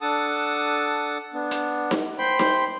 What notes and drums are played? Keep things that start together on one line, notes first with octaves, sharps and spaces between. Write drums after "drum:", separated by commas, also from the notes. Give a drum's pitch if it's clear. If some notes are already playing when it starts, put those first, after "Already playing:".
D4 A4 F#5 A5 D#6
B3 D4
drum: hi-hat
drum: snare D#4
C5 G5 B5 C6
drum: snare D#4